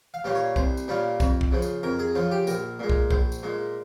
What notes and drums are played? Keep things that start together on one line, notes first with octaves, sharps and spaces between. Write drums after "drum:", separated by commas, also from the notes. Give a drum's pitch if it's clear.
F5
A#2 G3 C#4 F4
C#5
C2 C5, drum: kick
drum: tambourine
A#2 G3 C#4 F4
F2, drum: kick, tambourine
drum: kick
C#3 F3
drum: tambourine
F2 A#4
G#4
C#3 F3 F4
G4
A#1 A#4, drum: tambourine
A#2 G#3
drum: kick
A#1 C5, drum: kick
drum: tambourine
A#2 G#3